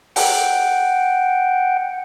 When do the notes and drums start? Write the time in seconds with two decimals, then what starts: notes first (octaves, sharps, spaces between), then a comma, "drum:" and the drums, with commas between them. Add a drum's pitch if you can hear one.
0.16 F#5 G5, drum: open hi-hat